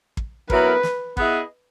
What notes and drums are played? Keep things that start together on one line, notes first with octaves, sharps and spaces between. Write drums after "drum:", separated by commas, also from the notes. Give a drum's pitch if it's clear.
drum: kick
F#3 B3 E4 A#4 B4, drum: kick
drum: snare
B3 E4 G#4 D#5, drum: kick